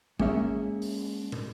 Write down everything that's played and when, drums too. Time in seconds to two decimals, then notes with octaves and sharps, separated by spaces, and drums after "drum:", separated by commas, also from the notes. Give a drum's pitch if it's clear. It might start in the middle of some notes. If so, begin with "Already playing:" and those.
0.19 G#3 A#3 C#4 G#4 E5 F#5, drum: kick
0.82 drum: open hi-hat
1.32 drum: tom